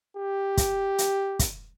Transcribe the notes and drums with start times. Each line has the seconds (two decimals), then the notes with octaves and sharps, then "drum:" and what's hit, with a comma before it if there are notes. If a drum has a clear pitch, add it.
0.17 G4
0.57 drum: kick, hi-hat
0.98 drum: hi-hat
1.39 drum: kick, hi-hat